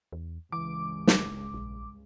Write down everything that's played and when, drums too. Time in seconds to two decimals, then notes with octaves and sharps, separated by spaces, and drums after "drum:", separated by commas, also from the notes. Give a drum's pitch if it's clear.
0.12 E2
0.52 C#2 G2 E3 D6
1.07 drum: snare
1.54 A#1